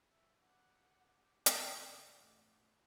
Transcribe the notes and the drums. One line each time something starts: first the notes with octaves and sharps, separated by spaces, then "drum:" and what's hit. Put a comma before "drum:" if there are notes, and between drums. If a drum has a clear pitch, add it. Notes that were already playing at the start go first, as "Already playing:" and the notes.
E5
G4 F#5
C#3 A#3 F#5, drum: hi-hat
A1